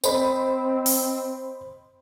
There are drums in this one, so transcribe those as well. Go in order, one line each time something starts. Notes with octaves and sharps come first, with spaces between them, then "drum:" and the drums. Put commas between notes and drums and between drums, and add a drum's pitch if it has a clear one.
C4 C5 D#5 B5, drum: tambourine
drum: open hi-hat